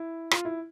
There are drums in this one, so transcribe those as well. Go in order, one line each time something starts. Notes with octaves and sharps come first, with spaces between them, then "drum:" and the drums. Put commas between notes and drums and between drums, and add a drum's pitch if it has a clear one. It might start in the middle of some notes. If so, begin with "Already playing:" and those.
Already playing: E4
F4, drum: rim click
E4